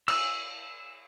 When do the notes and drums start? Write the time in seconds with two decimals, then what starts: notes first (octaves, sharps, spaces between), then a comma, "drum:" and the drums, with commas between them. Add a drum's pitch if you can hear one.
0.08 E6, drum: cymbal